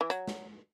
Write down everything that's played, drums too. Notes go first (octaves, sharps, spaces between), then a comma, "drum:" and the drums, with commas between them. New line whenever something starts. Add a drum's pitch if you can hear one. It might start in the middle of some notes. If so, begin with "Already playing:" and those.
E3
F#3, drum: hi-hat
drum: snare